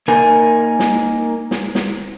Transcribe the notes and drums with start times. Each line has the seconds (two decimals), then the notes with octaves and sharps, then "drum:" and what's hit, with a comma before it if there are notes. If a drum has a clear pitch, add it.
0.08 A#3 D#4 A#4 G#5
0.79 drum: snare
1.51 drum: snare
1.75 drum: snare